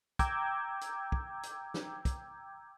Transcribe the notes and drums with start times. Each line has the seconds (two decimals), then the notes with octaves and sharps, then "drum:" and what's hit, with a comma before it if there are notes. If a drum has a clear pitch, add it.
0.19 G5 A#5 D6 E6 G6 G#6, drum: kick, hi-hat
0.81 drum: hi-hat
1.12 drum: kick
1.43 drum: hi-hat
1.74 drum: snare
2.05 drum: kick, hi-hat